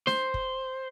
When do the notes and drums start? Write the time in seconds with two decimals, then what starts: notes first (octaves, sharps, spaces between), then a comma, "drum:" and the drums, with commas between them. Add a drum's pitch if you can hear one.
0.07 C5, drum: snare
0.34 drum: kick